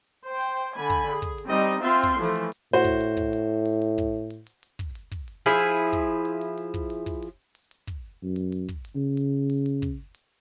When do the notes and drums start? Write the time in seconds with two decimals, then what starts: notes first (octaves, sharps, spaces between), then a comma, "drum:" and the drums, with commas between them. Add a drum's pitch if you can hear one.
0.25 C5 G5
0.41 drum: hi-hat
0.57 drum: hi-hat
0.76 D3 G#5 B5
0.90 drum: kick, hi-hat
1.13 G#4
1.22 drum: kick, open hi-hat
1.38 drum: hi-hat
1.48 G3 C4 D#4 D#5
1.71 drum: open hi-hat
1.82 C4 F4 C5 E5 C6
2.03 drum: kick, hi-hat
2.19 E3 F3 A3
2.36 drum: hi-hat
2.52 drum: hi-hat
2.73 A2 F#4 C5
2.84 drum: kick, hi-hat
3.01 drum: hi-hat
3.17 drum: kick, open hi-hat
3.33 drum: hi-hat
3.65 drum: open hi-hat
3.82 drum: hi-hat
3.98 drum: kick, hi-hat
4.30 drum: hi-hat
4.47 drum: hi-hat
4.63 drum: hi-hat
4.79 drum: kick, hi-hat
4.95 drum: hi-hat
5.12 drum: kick, open hi-hat
5.28 drum: hi-hat
5.46 F3 E4 G#4
5.60 drum: open hi-hat
5.76 drum: hi-hat
5.93 drum: kick, hi-hat
6.25 drum: hi-hat
6.41 drum: hi-hat
6.58 drum: hi-hat
6.74 drum: kick
6.90 drum: hi-hat
7.06 drum: kick, open hi-hat
7.22 drum: hi-hat
7.55 drum: open hi-hat
7.71 drum: hi-hat
7.87 drum: kick, hi-hat
8.23 F#2
8.36 drum: hi-hat
8.52 drum: hi-hat
8.69 drum: kick, hi-hat
8.85 drum: hi-hat
8.95 C#3
9.17 drum: hi-hat
9.50 drum: open hi-hat
9.66 drum: hi-hat
9.82 drum: kick, hi-hat
10.15 drum: hi-hat